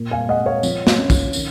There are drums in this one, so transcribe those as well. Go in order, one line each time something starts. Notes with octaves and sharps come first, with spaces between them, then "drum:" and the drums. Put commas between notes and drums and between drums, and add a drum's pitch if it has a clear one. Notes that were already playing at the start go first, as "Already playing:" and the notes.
Already playing: A#2
F5 G#5
G#3 D#5 F#5
C#5 F5
F3, drum: tambourine
drum: snare
C#4
drum: kick, tambourine
D#3, drum: tambourine